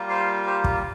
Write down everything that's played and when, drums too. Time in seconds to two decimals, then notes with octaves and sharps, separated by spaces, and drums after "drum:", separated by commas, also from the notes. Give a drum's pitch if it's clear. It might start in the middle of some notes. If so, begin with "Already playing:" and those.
Already playing: G3 A#3 F4
0.09 C5 F5
0.46 G4 C5
0.64 drum: kick